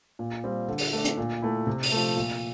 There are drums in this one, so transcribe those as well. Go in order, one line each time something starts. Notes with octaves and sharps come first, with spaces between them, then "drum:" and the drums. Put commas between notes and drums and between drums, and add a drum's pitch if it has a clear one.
A#2
G3 C4 F4
D3
drum: open hi-hat
A3 D4
drum: hi-hat
A#2
A3 E4
C3
drum: open hi-hat
F3 A3
A#2